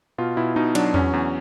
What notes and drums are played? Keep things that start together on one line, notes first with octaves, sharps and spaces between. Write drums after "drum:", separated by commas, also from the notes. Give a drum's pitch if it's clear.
B2 F4
B2 E4
B2 D#4
F#3 D4, drum: cymbal
E2 C#4, drum: tom E2
E2